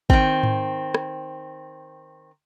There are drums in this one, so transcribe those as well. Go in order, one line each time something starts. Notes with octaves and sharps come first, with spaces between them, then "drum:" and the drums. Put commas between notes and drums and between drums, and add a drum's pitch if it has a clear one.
D#3 C4, drum: kick
drum: tom G#2
drum: rim click